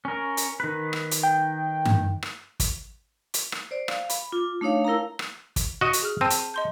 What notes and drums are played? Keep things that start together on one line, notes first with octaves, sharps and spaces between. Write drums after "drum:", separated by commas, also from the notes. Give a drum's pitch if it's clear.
C#4 A#4
drum: hi-hat
D#3 B4
drum: rim click
drum: hi-hat
G5
drum: tom G2
drum: rim click
drum: kick, hi-hat
drum: hi-hat
drum: rim click
C5 D5
F5, drum: rim click
B5, drum: hi-hat
F4 D6
A3 D4 D#4 C#5 F5
E4 A#4 F5 A5 A#5
drum: rim click
drum: kick, hi-hat
F#4 D#5
drum: hi-hat
G#4 F6
C4 A5 D#7
drum: hi-hat
D#5 C6 G6